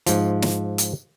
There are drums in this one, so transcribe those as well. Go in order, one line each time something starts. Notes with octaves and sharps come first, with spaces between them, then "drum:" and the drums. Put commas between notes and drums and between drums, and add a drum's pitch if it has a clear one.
G#2 F3, drum: hi-hat
drum: snare
drum: hi-hat